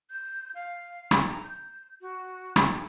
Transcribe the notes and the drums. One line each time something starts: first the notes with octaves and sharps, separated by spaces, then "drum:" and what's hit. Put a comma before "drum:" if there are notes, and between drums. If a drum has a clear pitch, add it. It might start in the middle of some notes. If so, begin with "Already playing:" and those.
G6
F5
drum: rim click
A#5
G6
F#4
drum: rim click